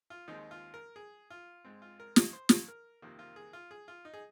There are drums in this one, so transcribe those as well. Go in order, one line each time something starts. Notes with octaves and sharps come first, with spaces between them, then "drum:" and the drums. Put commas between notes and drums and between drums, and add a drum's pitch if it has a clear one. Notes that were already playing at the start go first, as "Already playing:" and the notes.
F4
D#2 D#3 G#3 C4 D#4
F4
A#4
G#4
F4
G#2 G#3 C4
F4
A#4
D#5, drum: snare
C5
drum: snare
A#4
F2 C3 D#3 A#3
F4
G#4
F4
G#4
F4
D#4
G#4